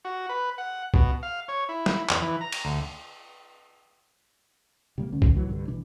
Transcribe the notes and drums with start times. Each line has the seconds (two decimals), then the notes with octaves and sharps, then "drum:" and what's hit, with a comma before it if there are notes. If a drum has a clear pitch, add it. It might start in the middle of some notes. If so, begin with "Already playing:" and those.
0.05 F#4
0.29 B4
0.58 F#5
0.94 B2, drum: kick
1.23 F5
1.48 C#5
1.69 E4
1.86 drum: snare
2.09 E2, drum: clap
2.22 E3
2.41 A#5
2.52 drum: cymbal
2.65 D2
4.98 C3 G3 A#3
5.12 D2 D3 C#4
5.22 drum: kick
5.35 F1 A2 E3 F#3
5.47 C2 G2 D3
5.68 A1 B2 E3 D4